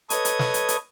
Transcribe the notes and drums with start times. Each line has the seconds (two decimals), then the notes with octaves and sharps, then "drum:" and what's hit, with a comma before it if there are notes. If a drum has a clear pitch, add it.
0.10 A4 B4 C#5 D#5 D#6 G#6, drum: hi-hat
0.25 drum: hi-hat
0.39 drum: snare
0.54 drum: hi-hat
0.69 drum: hi-hat